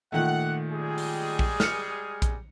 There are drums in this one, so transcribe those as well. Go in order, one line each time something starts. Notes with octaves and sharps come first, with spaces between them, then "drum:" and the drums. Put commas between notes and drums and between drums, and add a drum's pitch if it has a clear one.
A#2 D#3 A3 F#5
G3 G#3 G#4
drum: open hi-hat
drum: kick A#1
F6 C#7, drum: snare
drum: kick A#1, hi-hat